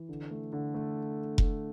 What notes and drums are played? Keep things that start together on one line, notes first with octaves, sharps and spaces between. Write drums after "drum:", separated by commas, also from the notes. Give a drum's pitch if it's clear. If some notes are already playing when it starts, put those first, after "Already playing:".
Already playing: E3
D3
A3
D3
A3
drum: kick F1